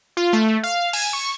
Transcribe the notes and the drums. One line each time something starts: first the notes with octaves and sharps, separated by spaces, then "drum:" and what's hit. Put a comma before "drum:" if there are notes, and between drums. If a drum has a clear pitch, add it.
F4
A3
F5
G#5, drum: cymbal
C#6